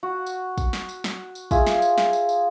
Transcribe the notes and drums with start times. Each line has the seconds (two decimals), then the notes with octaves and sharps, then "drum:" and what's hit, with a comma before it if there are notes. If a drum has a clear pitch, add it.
0.03 F#4
0.26 drum: tambourine
0.58 drum: kick, tambourine
0.73 drum: snare
0.89 drum: tambourine
1.04 drum: snare
1.35 drum: tambourine
1.51 F4 G#4 E5, drum: kick, tambourine
1.66 drum: snare
1.82 drum: tambourine
1.98 drum: snare
2.13 drum: tambourine
2.29 drum: tambourine